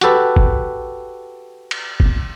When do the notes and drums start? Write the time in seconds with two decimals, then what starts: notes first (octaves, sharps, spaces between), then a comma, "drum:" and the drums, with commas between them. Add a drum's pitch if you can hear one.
0.01 F#4 G4 A4 B4, drum: hi-hat
0.36 drum: kick F#1
1.71 drum: cymbal
2.00 drum: kick F#1